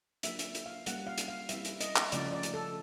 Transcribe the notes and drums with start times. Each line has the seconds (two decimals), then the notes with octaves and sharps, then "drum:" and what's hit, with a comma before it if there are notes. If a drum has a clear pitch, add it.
0.23 F#3 A#3 D4 F4 E5, drum: hi-hat
0.39 drum: hi-hat
0.55 drum: hi-hat
0.66 F5
0.86 G3 A#3 C#4 F#5, drum: hi-hat
1.07 F5
1.18 drum: hi-hat
1.28 F5
1.49 G3 C4 E4 E5, drum: hi-hat
1.65 drum: hi-hat
1.81 D#5, drum: hi-hat
1.96 drum: clap
2.12 C#3 F3 A3 C#4 F4 D5, drum: hi-hat
2.32 D5
2.43 drum: hi-hat
2.54 A4